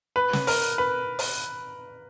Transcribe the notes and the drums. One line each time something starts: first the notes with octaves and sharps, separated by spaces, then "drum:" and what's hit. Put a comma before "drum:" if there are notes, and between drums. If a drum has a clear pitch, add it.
B4
drum: snare
A#4, drum: open hi-hat
B4
drum: open hi-hat